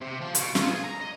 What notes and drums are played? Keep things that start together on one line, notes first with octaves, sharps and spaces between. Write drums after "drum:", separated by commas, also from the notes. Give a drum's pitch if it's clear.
C3
F3
B2, drum: hi-hat
F4, drum: snare
G#4
A#5
D#5